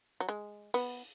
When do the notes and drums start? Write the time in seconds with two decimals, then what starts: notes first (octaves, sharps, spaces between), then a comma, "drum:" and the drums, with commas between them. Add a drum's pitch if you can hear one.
0.20 F#3
0.29 G#3
0.74 B3, drum: open hi-hat